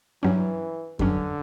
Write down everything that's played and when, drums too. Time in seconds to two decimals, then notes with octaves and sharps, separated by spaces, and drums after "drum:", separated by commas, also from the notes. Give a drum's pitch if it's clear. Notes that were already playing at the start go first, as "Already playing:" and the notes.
0.23 G2 E3 F#3 C#4
0.99 G2 D3 F#3 C#4, drum: kick F2